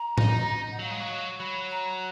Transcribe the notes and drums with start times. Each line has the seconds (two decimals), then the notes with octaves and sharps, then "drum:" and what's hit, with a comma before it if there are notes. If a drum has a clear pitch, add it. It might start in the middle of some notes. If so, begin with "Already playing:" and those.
Already playing: A#5
0.18 D#4, drum: tom A2
0.71 F#5
0.79 F#3 F5
0.90 G#3
1.00 F#3
1.39 F#3 B5
1.71 A#5